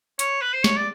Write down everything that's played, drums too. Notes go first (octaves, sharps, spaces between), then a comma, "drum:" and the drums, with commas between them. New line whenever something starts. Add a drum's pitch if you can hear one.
C#5, drum: hi-hat
B4
C5
C#5, drum: snare
D5